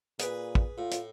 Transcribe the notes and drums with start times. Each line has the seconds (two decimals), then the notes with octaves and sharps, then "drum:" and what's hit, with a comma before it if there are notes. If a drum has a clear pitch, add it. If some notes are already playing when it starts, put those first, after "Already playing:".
0.19 A#2 G#4 B4, drum: hi-hat
0.55 drum: kick
0.78 A2 F4
0.91 drum: hi-hat